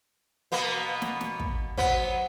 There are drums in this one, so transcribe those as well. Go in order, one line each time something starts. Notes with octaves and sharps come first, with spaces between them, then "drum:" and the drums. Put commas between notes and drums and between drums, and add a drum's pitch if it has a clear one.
B2 A#3 B3
drum: snare
drum: snare
drum: kick
F#3 B3 C5 F#5, drum: kick